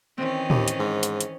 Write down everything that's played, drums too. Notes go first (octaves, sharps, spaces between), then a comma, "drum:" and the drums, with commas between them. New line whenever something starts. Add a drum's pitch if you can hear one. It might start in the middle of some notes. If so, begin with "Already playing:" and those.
D#3 E3 C4 C#4
D#2, drum: tom
drum: hi-hat
G#2
drum: hi-hat
drum: hi-hat